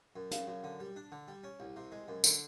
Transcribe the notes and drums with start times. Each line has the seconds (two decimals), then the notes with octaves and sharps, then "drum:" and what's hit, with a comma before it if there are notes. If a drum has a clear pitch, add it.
0.16 F#2
0.31 C#3, drum: hi-hat
0.47 F#2
0.64 D3
0.80 G3
0.96 D4
1.12 D3
1.28 G3
1.44 C#4
1.60 C2
1.76 C3
1.92 G#3
2.08 F#2
2.24 D3, drum: tambourine